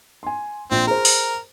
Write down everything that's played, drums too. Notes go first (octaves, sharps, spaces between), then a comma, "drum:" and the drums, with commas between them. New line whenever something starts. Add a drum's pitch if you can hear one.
G#5 C6
A#1 C4
G#4 A#4 C5
drum: open hi-hat